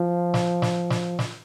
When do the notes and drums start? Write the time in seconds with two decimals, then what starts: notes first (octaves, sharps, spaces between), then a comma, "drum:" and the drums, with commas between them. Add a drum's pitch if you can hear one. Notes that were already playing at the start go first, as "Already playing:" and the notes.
Already playing: F3
0.34 drum: snare
0.62 drum: snare
0.90 drum: snare
1.19 drum: snare